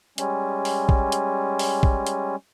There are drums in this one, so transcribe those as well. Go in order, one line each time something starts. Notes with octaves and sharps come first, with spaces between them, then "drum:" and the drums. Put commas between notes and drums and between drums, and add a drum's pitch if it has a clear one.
G3 G#3 C#4, drum: hi-hat
drum: open hi-hat
drum: kick A#1
drum: hi-hat
drum: open hi-hat
drum: kick A#1
drum: hi-hat